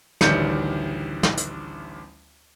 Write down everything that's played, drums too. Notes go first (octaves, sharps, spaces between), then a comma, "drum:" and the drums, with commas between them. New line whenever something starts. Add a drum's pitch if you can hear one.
A1 D2 D#3 G3 G6 C#7, drum: snare
drum: snare
drum: hi-hat